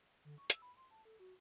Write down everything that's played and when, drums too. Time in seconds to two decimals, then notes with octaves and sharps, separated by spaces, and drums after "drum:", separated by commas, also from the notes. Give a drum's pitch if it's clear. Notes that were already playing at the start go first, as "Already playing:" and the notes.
0.24 D3
0.38 C#6
0.50 E6, drum: hi-hat
0.62 B5
0.77 C6
0.91 A5
1.05 A4
1.20 F#4